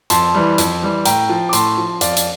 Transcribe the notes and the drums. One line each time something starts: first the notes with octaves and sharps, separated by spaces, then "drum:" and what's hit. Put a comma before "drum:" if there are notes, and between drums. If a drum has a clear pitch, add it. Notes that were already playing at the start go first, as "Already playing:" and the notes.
F2 A5 C6, drum: hi-hat
E3 G3
F2, drum: hi-hat
E3 G3
A2 G5 A#5, drum: hi-hat
F3
D6
A2 A5 C6, drum: hi-hat
F3
F2 D5 F5, drum: hi-hat
drum: hi-hat